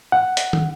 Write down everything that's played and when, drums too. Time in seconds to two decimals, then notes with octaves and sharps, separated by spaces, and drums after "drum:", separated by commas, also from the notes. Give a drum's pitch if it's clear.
0.12 F#5
0.37 drum: hi-hat
0.53 drum: tom